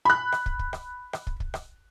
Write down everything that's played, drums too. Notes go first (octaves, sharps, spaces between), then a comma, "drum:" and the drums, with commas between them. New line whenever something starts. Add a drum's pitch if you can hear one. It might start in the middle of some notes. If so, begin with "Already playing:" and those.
B5 F#6
drum: rim click
drum: kick
drum: kick
drum: rim click
drum: rim click
drum: kick
drum: kick
drum: rim click